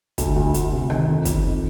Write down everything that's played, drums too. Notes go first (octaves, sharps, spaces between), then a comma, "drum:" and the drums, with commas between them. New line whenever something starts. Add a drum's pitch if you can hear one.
D2 A4, drum: kick, hi-hat
D2
D2, drum: hi-hat
C3
D#3, drum: rim click
F2
F2, drum: kick, hi-hat
D#3